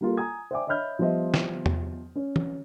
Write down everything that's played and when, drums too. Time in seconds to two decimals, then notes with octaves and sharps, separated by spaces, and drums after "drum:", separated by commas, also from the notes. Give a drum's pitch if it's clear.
0.01 G3 A#3 F4 A4
0.17 G#5 A#5 D#6 G#6
0.51 C5 D5 E5 G5 G#5 D6
0.67 C#5 D#5 E5 B5 F6 G6
0.99 F3 G3 B3 C5 D#5 E5
1.34 drum: snare
1.66 drum: tom E2
2.16 C#4
2.36 drum: tom